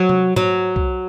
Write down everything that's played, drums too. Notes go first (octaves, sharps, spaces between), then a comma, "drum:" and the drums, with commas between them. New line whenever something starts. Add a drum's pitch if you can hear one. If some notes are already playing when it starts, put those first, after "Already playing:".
Already playing: F#3
drum: tom C3
F#3, drum: tom G#2
drum: kick B1